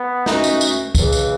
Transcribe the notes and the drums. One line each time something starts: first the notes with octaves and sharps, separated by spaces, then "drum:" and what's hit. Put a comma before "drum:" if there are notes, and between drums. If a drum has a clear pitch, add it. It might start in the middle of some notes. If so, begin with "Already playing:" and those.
Already playing: B3
E3 A3 C#4 D#4 F#4 B4, drum: snare
drum: tambourine
drum: tambourine
C#2 C#3 E3, drum: kick B1, tambourine
drum: tambourine